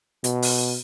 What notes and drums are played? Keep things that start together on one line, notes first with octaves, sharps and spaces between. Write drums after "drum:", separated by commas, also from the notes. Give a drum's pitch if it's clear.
B2, drum: hi-hat
drum: open hi-hat